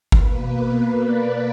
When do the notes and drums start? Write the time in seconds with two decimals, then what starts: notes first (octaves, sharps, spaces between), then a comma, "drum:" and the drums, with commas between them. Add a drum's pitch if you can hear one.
0.12 B2 A#3 B4, drum: kick G1
0.99 D5